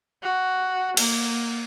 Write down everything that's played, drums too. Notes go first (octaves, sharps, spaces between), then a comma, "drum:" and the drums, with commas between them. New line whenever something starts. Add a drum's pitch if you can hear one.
F#4
A#3, drum: cymbal